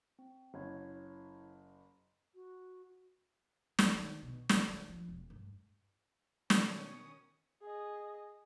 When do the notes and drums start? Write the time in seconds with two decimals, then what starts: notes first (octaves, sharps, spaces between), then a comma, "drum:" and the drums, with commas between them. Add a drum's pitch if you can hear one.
0.19 C4
0.54 F#1 E4 C#5 G#6
2.35 F#4
3.79 D#3, drum: snare
3.94 D#3
4.22 B2
4.49 B3, drum: snare
4.68 E3
4.89 F3
5.08 E1
5.30 G2
6.50 B2 D#3 C#4 C#5 D#6, drum: snare
7.61 G#4 D#5